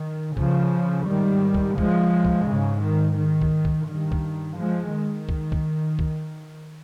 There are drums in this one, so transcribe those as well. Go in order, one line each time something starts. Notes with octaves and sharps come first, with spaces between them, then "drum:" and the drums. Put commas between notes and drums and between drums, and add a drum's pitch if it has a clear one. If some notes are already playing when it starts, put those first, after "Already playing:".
Already playing: D#3
C#3 F3, drum: kick
G#2 D#3 G3
drum: kick
F3 G#3, drum: kick
drum: kick
G#2 C#3
D#3
D#3
drum: kick
drum: kick
G2 D#3
drum: kick
F3 G#3
D#3
drum: kick
drum: kick
drum: kick